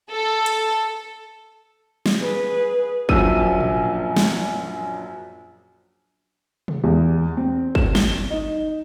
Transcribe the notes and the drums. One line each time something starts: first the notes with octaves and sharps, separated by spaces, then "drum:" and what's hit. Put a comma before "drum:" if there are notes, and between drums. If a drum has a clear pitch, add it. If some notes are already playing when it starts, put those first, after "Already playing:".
A4
drum: hi-hat
drum: snare
G#4 B4
A#1 F#2 F3 F#3 E6 D#7, drum: kick
drum: tom A2
drum: snare
drum: tom C3
E2
C4
E7, drum: kick
G7, drum: snare
D#4